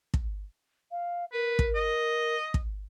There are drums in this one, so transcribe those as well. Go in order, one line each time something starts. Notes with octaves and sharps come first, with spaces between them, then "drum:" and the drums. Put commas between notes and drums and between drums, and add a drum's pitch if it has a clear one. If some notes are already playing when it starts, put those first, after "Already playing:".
drum: kick
F5
A#4 B4
drum: kick
D#5
drum: kick